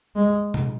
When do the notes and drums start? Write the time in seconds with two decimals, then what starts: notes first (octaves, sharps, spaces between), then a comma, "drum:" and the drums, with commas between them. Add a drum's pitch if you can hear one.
0.15 G#3
0.54 drum: tom A#2